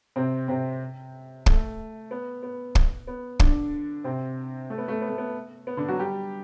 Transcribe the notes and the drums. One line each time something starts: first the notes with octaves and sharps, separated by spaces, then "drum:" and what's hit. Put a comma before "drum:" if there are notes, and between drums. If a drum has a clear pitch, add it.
C3 C4
C3 C4
A3, drum: kick
B3
B3
drum: kick
B3
D3 D4, drum: kick
C3 C4
A3
B3
A3
B3
A3
B3
B3
D3 D4
F#3 F#4
G3 G4